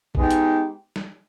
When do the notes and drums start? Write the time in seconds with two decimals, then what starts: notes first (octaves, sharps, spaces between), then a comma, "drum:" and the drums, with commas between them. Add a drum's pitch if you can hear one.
0.15 G#3 B3 D#4 G4, drum: kick
0.31 drum: hi-hat
0.96 drum: snare